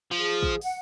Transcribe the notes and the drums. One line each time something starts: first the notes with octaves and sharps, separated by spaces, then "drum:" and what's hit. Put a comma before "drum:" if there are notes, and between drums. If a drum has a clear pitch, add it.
F3 G#4
drum: kick
F#5, drum: open hi-hat